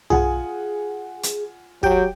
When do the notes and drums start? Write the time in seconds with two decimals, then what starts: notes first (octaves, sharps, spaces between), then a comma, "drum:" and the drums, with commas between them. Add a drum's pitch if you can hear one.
0.10 F4 G#4 F#5 G#5, drum: tom B1
1.23 drum: hi-hat
1.83 F#3 G4 G5, drum: kick